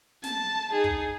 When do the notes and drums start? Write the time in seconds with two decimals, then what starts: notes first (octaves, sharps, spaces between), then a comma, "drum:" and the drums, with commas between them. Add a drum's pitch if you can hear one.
0.23 A5, drum: snare
0.72 D#4 G#4
0.84 drum: kick